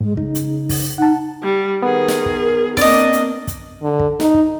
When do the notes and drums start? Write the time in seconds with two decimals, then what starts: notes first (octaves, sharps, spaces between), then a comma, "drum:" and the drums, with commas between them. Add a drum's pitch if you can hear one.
0.01 G#2 G#3
0.17 C#3 D#4, drum: kick
0.35 drum: hi-hat
0.69 drum: kick, open hi-hat
0.98 D#4 F#5 A5
1.43 G3
1.82 D#3 B3 G#4
2.08 drum: snare
2.26 drum: kick
2.39 A#4
2.77 A#3 C4 D4 D5 D#5, drum: kick, open hi-hat
3.13 drum: hi-hat
3.47 drum: kick, hi-hat
3.83 D3
4.00 drum: kick
4.20 D#4, drum: snare
4.34 drum: kick